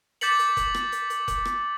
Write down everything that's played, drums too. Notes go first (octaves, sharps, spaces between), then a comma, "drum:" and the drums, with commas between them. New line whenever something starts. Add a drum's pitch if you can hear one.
D6 G6 A6 B6 C#7 F#7, drum: hi-hat
drum: hi-hat
drum: kick F1, hi-hat
drum: rim click
drum: hi-hat
drum: hi-hat
drum: kick F1, hi-hat
drum: rim click